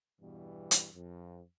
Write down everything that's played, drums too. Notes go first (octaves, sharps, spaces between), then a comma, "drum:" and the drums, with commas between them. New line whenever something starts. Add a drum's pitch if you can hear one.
E2 G2 B2 E3 G3
drum: hi-hat
F2